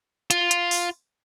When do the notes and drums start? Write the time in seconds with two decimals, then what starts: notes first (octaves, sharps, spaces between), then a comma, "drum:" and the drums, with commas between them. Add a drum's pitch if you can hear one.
0.31 F4, drum: hi-hat
0.51 drum: hi-hat
0.71 drum: open hi-hat